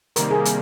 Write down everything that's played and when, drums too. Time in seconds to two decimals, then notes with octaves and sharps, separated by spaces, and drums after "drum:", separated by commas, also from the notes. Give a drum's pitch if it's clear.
0.16 C3 D#3 G3 A#3 A#4, drum: hi-hat
0.31 G#4
0.45 drum: hi-hat